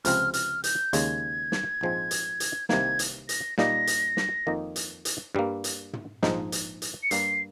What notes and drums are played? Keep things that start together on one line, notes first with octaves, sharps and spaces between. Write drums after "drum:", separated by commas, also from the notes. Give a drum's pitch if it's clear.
C#2 C3 F3 C4 F6, drum: hi-hat
F6, drum: hi-hat
G6, drum: hi-hat
D#2 C#3 G#3 G#6, drum: hi-hat
drum: snare
A#1 G#2 F3 G#3 C4
drum: hi-hat
drum: hi-hat
C2 C3 D#3 A#3 G#6, drum: snare
drum: hi-hat
A#6, drum: hi-hat
A#2 G3 A#3 D#4 A#6, drum: snare
drum: hi-hat
drum: snare
F2 D#3 A#3 D#4
drum: hi-hat
drum: hi-hat
G2 G3 A#3
drum: hi-hat
drum: tom
A#1 G#2 F3 G#3 D#4, drum: snare
drum: hi-hat
drum: hi-hat
C#7
G2 G3 A#3 C7, drum: hi-hat